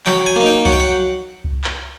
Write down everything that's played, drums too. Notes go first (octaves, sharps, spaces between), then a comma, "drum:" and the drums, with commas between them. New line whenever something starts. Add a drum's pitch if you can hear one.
F#3 G5, drum: clap
G#5
A#3 D#4
G5
F#3 F#5, drum: kick C2
G5
F#5
drum: kick C2
drum: clap